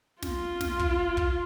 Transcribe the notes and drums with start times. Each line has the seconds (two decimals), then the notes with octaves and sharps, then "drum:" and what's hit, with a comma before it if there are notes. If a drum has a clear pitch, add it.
0.22 F4, drum: snare
0.61 drum: snare
0.79 drum: kick
1.17 drum: kick